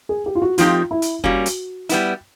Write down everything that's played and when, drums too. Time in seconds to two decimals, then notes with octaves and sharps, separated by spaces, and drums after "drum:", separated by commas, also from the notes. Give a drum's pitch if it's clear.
0.09 G#4
0.26 G4
0.35 F4
0.42 F#4
0.58 F3 A3 C4 D#4 F4 G4, drum: hi-hat
0.91 E4
1.02 drum: hi-hat
1.24 G3 A#3 C#4 F#4, drum: kick
1.46 drum: hi-hat
1.89 G3 B3 E4, drum: hi-hat